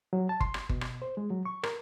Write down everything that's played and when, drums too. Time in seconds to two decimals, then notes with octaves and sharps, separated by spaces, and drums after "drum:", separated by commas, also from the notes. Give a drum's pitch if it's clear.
0.13 F#3
0.29 A5
0.41 C6, drum: kick G1
0.54 drum: rim click
0.69 B2, drum: kick G1
0.81 drum: rim click
1.02 C5
1.17 G#3
1.31 F#3
1.45 C#6
1.63 A#4, drum: rim click